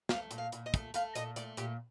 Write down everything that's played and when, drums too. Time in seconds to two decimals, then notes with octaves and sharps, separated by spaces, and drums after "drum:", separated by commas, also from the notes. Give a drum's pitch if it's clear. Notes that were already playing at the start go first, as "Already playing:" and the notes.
0.09 A3 F5, drum: snare
0.31 A#2, drum: hi-hat
0.38 F5
0.52 A#2, drum: hi-hat
0.66 D#5
0.74 A3, drum: kick, hi-hat
0.94 A3 F5, drum: hi-hat
1.15 A#2 D#5, drum: hi-hat
1.36 A3 D5, drum: hi-hat
1.57 A#2 G4, drum: hi-hat